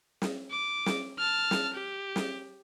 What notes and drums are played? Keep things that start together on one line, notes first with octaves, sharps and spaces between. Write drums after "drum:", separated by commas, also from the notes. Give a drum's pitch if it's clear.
drum: snare
D6
drum: snare
A5 F6
drum: snare
G4
drum: snare